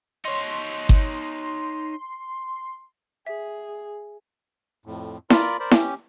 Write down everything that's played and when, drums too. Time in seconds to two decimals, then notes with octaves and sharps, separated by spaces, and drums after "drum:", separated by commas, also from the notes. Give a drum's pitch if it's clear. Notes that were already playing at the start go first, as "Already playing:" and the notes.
0.25 D#4 C#5 C6
0.89 drum: kick G1
3.26 G#4 E5
4.86 F2 A2
5.30 F4 A#4 D5 B5, drum: snare E4
5.60 A#4 C5 D5 B5
5.71 C#4 G4, drum: snare E4